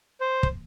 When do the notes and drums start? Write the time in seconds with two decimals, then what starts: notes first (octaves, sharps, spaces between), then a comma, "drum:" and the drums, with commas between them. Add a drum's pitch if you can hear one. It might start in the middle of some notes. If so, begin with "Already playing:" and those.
0.21 C5
0.43 drum: kick